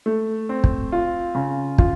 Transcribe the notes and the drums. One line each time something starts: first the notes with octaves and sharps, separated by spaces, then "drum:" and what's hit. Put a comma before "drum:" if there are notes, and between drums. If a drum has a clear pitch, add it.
A3
C4
drum: kick
F4
C#3
F4, drum: kick